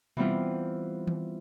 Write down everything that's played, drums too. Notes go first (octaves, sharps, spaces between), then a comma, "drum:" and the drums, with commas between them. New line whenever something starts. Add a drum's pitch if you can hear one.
E3 G3 B3 C4 E4 F4, drum: tom B2
drum: tom D#3